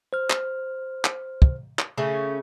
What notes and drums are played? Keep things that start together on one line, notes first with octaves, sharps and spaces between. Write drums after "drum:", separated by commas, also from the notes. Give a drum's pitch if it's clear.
C5 F6
drum: clap
drum: clap
drum: kick
drum: clap
C#3 A3 C#4